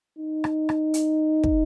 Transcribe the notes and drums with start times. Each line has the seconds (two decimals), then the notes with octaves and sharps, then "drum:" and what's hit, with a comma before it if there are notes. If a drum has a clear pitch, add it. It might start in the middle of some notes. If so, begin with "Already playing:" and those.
0.19 D#4
0.44 drum: rim click
0.69 drum: rim click
0.94 drum: hi-hat
1.44 drum: kick